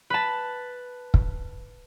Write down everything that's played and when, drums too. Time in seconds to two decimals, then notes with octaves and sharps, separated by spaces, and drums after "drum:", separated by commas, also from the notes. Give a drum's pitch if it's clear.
0.10 B4 A5
1.14 drum: kick